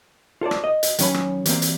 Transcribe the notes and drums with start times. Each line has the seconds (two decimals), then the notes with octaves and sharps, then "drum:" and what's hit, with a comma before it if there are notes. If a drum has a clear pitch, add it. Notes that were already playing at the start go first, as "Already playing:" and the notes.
0.41 F4 A4 C5 D5
0.51 drum: rim click
0.64 D#5
0.83 drum: hi-hat
0.99 D#3 F#3 C#4 G#5 B5, drum: hi-hat
1.14 drum: rim click
1.46 E3 G3 A#3 C4, drum: hi-hat
1.62 drum: hi-hat